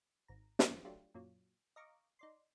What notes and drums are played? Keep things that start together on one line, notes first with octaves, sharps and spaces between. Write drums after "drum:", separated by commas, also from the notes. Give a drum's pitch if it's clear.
G#1 A#5
drum: snare
F#2 D#3 F3
F#3 G3 A3 D4 F4 G4
F#2 A#2 F#3
D#5 F5 A#5 C#6 D6
D#4 D5 C6